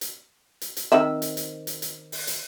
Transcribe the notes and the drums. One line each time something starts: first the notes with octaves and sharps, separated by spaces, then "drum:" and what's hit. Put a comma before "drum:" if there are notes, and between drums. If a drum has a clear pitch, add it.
drum: hi-hat
drum: hi-hat
drum: hi-hat
D#3 C4 E5
drum: hi-hat
drum: hi-hat
drum: hi-hat
drum: hi-hat
drum: open hi-hat
drum: hi-hat